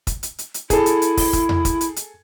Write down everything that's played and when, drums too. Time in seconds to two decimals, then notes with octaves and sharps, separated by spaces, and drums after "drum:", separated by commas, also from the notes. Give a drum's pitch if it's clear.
0.07 drum: kick, hi-hat
0.23 drum: hi-hat
0.38 drum: hi-hat
0.54 drum: hi-hat
0.70 E4 G#4 A4, drum: kick, hi-hat
0.86 drum: hi-hat
1.02 drum: hi-hat
1.17 drum: kick, open hi-hat
1.33 drum: kick, hi-hat
1.49 drum: tom E2
1.65 drum: kick, hi-hat
1.81 drum: hi-hat
1.96 drum: hi-hat